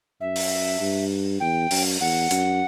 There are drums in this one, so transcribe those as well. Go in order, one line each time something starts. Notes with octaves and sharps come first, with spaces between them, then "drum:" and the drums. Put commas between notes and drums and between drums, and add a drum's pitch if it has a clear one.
F#2 E5
drum: open hi-hat
G2
E2 G5
F#2, drum: open hi-hat
E2 F#5
F#2, drum: hi-hat